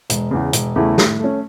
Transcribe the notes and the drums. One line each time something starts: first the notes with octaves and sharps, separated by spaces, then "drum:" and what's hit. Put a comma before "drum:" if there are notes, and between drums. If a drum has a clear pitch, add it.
E1, drum: hi-hat
E2 C#3
E1, drum: hi-hat
E2 C#3 A3 E4
A2, drum: snare
A3 C#4